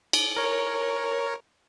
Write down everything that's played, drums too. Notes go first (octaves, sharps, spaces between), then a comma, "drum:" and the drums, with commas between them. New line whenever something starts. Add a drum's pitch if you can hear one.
drum: cymbal
A#4 C#5